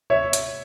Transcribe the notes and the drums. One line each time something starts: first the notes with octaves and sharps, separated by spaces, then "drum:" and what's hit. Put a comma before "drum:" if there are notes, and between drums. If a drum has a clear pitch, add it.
C#5 E5
drum: hi-hat